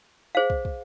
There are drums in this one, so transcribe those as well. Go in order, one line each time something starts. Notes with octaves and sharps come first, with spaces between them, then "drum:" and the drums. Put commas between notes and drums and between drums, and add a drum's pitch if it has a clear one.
G#4 C5 F5
drum: kick
drum: kick